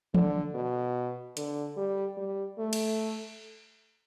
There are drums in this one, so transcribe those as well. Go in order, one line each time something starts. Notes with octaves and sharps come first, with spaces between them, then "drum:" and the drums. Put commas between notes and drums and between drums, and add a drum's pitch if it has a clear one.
D3, drum: tom E3
B2
D3, drum: hi-hat
G3
G3
A3
drum: cymbal